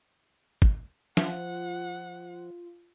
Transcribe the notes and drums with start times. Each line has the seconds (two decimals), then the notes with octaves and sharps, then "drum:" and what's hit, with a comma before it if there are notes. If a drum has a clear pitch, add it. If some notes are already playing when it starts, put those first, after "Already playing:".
0.62 drum: kick
1.17 F3 F4 F#5, drum: snare